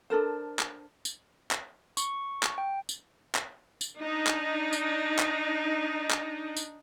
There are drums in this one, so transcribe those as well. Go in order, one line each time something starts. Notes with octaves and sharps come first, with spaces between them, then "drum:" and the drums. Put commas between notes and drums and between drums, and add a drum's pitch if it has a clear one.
D4 A4 A#4 C5
drum: clap
drum: tambourine
drum: clap
C#6, drum: tambourine
drum: clap
G5
drum: tambourine
drum: clap
drum: tambourine
D4 D#4
drum: clap
drum: tambourine
drum: clap
drum: clap
drum: tambourine